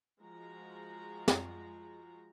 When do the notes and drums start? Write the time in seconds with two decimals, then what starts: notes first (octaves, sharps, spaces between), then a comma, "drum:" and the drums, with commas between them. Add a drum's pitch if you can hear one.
0.20 F3 G#3 F#4 A#5
1.28 drum: snare